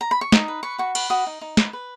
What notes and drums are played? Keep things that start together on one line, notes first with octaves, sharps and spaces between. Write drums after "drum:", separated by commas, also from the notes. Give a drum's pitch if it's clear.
A#5
B5
C#6
D#4 D#6, drum: snare
B4
B4 C#6
F#4 C#6
B4, drum: cymbal
F#4 D#6
D#4
D#4
B4, drum: snare
B4